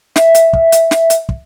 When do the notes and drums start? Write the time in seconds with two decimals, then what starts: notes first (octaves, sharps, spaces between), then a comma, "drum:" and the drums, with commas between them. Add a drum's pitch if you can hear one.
0.16 E5, drum: snare
0.35 drum: hi-hat
0.53 drum: kick
0.72 drum: hi-hat
0.91 drum: snare
1.10 drum: hi-hat
1.29 drum: kick